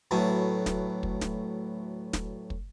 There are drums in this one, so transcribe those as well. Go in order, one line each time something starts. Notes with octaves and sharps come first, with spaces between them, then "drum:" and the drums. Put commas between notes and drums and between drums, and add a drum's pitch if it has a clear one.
D2 A2 F#3 B3 G#5 A5
drum: snare
drum: kick
drum: snare
drum: snare
drum: kick